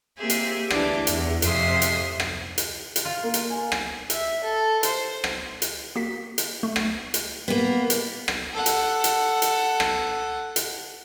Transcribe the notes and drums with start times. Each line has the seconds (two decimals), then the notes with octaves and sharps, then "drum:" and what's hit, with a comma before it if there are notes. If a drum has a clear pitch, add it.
0.19 A#3 C4 G4 G#4 E5
0.30 drum: hi-hat
0.70 D2 E3 D4 D6, drum: rim click
1.07 E2, drum: hi-hat
1.42 F2 C3 C5 E5 C6 D#6, drum: hi-hat
1.82 drum: hi-hat
2.20 drum: rim click
2.58 drum: hi-hat
2.96 drum: hi-hat
3.05 F4
3.23 A#3
3.34 drum: hi-hat
3.50 G#5
3.72 drum: rim click
4.10 E5, drum: hi-hat
4.44 A4
4.83 C5, drum: hi-hat
5.24 drum: rim click
5.62 drum: hi-hat
5.96 A#3 F#4 B6
6.38 drum: hi-hat
6.63 A3
6.76 drum: rim click
7.14 drum: hi-hat
7.48 A#3 B3
7.90 drum: hi-hat
8.28 drum: rim click
8.53 A4 F#5
8.66 drum: hi-hat
9.04 drum: hi-hat
9.42 drum: hi-hat
9.80 drum: rim click
10.56 drum: hi-hat